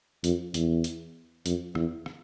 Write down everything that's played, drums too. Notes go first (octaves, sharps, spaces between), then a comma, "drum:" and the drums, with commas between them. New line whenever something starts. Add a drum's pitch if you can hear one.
F2, drum: hi-hat
E2, drum: hi-hat
drum: hi-hat
F2, drum: hi-hat
E2, drum: rim click
drum: rim click